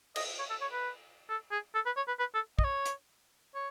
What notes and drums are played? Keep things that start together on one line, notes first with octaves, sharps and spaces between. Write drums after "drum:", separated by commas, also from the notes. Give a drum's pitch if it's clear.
D#5, drum: cymbal
C#5
A4
C#5
B4
A4
G#4
A4
B4
C#5
B4
B4
A4
D#5, drum: kick
C#5
drum: hi-hat
C#5